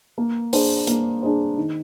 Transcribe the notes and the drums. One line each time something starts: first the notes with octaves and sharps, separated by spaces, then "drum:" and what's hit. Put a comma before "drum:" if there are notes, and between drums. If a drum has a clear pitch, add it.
A#3
D4 G#4 C5, drum: open hi-hat
A#3, drum: hi-hat
D4 G#4 C5
D#3